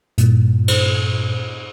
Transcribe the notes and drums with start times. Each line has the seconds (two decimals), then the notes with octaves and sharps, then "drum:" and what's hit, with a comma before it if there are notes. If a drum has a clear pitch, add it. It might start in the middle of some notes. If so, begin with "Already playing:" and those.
0.18 G2 A#2, drum: hi-hat
0.68 drum: cymbal